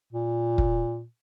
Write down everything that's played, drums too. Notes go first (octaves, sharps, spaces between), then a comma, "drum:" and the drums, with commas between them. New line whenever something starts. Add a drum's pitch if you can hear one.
A#2
drum: kick